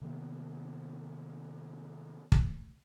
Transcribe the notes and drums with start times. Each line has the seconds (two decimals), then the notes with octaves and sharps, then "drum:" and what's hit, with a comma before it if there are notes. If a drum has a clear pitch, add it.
0.01 C3 D#3 A#3 B3
2.32 drum: kick